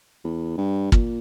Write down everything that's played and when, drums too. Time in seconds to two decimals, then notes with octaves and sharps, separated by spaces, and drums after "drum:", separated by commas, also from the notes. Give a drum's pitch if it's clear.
0.24 E2
0.58 G2
0.92 A#2, drum: kick